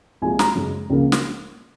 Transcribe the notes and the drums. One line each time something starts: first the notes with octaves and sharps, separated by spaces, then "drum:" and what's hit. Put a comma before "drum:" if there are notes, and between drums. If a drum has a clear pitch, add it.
C2 A#2 F3 G#3 G#5
A#5, drum: snare
F#2 C#3 G#3
C#2 C#3 F3 A#3
drum: snare